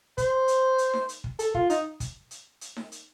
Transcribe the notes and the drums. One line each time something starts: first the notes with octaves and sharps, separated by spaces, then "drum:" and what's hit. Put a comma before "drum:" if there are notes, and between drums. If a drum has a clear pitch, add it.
C5, drum: kick, hi-hat
drum: hi-hat
drum: hi-hat
drum: snare D#4
drum: hi-hat
drum: kick
A4, drum: hi-hat
F4, drum: kick
D#4, drum: hi-hat
drum: kick, hi-hat
drum: hi-hat
drum: hi-hat
drum: snare D#4
drum: hi-hat